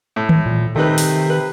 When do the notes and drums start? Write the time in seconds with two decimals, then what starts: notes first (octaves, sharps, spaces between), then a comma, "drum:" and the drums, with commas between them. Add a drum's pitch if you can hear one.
0.16 A2
0.29 drum: tom D#3
0.46 A#2
0.76 C3 D#3 A3 D#4 B4
0.98 drum: open hi-hat
1.30 B4